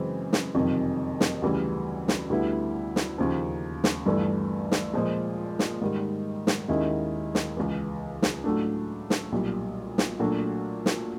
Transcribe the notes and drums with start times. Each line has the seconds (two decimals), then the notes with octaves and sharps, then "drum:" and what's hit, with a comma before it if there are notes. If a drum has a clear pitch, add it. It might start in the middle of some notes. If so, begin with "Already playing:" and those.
Already playing: F#2 C#3 E3 G#3 C4
0.33 drum: snare
0.55 F#1 F2 C3 D#3 G3
1.20 drum: snare
1.42 D2 C#3 E3 G3
2.08 drum: snare
2.30 D2 D3 G3 B3 E4
2.96 drum: snare
3.18 D#2 C#3 F3
3.84 drum: snare
4.06 G1 G2 E3 A3
4.71 drum: snare
4.93 A#2 F3 G#3
5.59 drum: snare
5.81 G#2 D#3 G3
6.47 drum: snare
6.68 D#2 D#3 G#3 C#4 E4
7.35 drum: snare
7.57 C#2 C#3 E3
8.22 drum: snare
8.44 A2 F#3 A3 D4
9.10 drum: snare
9.32 B1 A#2 G3
9.98 drum: snare
10.19 A#2 F#3 A3 D4 F#4
10.86 drum: snare